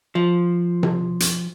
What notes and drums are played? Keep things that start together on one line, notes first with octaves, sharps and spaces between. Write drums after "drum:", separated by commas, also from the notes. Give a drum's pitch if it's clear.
F3
drum: tom C3
drum: hi-hat